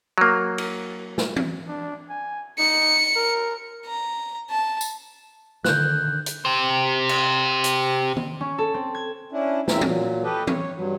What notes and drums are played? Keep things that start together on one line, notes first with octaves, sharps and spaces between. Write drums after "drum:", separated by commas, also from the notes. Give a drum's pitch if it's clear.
F#3 A#3
drum: cymbal
drum: snare
drum: tom
D4
G#5
D#4 C#7
A#4
A#5
A5
drum: tambourine
D3 D#3 F#6 G6, drum: snare
drum: hi-hat
G4 C5
drum: cymbal
drum: hi-hat
drum: tom
C#4
A4
C4
G#6
C#4 D4 E4
E2 C#3 E3 C4 A#4 E5, drum: snare
A#2 F#3, drum: tom
G4 A4 B4 D#5
C#5, drum: tom
G2 F#3